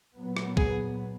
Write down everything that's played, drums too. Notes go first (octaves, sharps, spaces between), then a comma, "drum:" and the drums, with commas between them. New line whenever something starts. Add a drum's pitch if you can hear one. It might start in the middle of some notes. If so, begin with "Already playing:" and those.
A#2 F#3 B3
drum: rim click
G#4, drum: kick